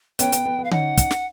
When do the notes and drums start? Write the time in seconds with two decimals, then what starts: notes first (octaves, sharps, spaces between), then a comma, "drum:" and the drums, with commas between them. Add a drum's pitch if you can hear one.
0.19 B3 C#4 G5, drum: hi-hat
0.32 B3, drum: hi-hat
0.46 B3
0.59 B3
0.64 F5
0.71 C#4 D#4 F#5, drum: tom D3
0.98 drum: kick, hi-hat
1.11 drum: snare